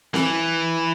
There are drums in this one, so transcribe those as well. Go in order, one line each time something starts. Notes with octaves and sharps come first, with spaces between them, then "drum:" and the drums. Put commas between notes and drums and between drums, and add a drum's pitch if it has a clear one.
E3, drum: snare C4